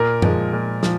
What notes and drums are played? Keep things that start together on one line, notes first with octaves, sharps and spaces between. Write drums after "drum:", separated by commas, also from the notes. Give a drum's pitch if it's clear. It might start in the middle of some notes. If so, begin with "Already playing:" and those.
Already playing: A#2 A#4
F3 G#3, drum: tom F#2
A#2
F3, drum: snare